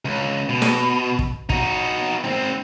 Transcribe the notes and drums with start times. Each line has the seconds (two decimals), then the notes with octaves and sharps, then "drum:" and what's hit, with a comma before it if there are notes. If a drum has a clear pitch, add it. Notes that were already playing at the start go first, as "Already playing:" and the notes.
0.05 C#2
0.49 B2
0.62 drum: snare
1.19 drum: kick
1.50 D#4 F#4, drum: kick
2.24 G#2 C4